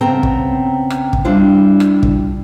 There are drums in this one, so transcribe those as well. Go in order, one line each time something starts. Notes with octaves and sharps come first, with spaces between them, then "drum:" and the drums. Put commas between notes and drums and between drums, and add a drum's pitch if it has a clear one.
C#3 B3 C4 G5 A5 A#5
drum: kick
drum: rim click
drum: kick
G3 D4 E4 F4
drum: rim click
drum: kick